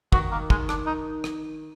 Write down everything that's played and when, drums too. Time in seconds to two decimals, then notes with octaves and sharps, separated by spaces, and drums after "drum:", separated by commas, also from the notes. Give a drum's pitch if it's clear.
0.12 D#3 F#4, drum: kick
0.32 A#3
0.50 G#3, drum: kick
0.69 D4, drum: rim click
0.87 D#4
1.24 drum: rim click